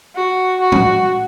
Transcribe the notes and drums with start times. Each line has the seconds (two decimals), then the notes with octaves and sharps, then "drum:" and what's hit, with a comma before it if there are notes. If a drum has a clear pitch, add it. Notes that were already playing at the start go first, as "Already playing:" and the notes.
0.15 F#4
0.60 F#4
0.72 drum: tom